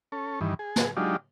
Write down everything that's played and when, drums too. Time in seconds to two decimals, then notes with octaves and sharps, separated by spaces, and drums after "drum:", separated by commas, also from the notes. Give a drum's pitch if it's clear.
0.12 C#4 A4
0.41 G2 D#3 E3
0.59 G#4
0.76 drum: snare
0.97 F#3 G#3 D4 D#4 F4 G4